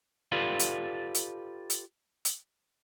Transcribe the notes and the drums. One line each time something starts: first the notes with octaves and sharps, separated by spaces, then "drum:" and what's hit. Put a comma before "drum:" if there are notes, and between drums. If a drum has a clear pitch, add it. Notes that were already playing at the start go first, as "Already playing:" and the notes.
F4 G4 A4 B4 D5 F5
drum: hi-hat
drum: hi-hat
drum: hi-hat
drum: hi-hat